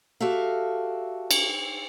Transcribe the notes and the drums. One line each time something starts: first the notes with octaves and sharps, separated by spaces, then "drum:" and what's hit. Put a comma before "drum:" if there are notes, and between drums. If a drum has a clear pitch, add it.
F#4 G4 A4 E5 F5
drum: cymbal